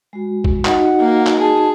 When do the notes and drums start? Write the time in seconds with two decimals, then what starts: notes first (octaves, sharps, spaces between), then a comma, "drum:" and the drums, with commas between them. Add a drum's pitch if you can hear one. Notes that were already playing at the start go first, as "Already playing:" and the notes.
0.13 G#3 F#4
0.44 drum: kick
0.65 D#4 F#4 D#5 F#5, drum: clap
1.01 A#3
1.27 drum: clap
1.41 G#4 A5